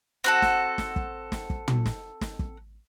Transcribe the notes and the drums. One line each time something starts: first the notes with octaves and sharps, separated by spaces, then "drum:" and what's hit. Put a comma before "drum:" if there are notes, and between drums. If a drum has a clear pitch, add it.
C4 F#4 A4
drum: snare
drum: snare
drum: kick
drum: snare
drum: kick
drum: tom
drum: snare
drum: snare
drum: kick